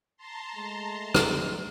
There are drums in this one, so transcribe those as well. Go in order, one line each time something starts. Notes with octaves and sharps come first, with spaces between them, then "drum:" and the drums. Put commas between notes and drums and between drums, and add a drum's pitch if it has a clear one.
A5 A#5 C6
G#3 A3
drum: rim click